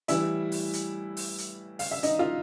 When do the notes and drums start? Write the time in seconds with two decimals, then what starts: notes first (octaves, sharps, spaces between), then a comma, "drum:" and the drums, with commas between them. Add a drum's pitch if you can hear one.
0.08 A2 E3 G3 E4 E5, drum: hi-hat
0.52 drum: open hi-hat
0.73 drum: hi-hat
1.17 drum: open hi-hat
1.38 drum: hi-hat
1.79 F5, drum: open hi-hat
1.91 E5
2.03 D#4 D#5, drum: hi-hat
2.19 F4 F5